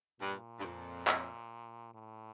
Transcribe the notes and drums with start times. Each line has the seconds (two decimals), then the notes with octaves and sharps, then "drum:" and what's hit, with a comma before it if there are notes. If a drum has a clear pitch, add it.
0.20 G2 A#2
0.59 G2
0.64 F2
1.07 drum: clap
1.94 A2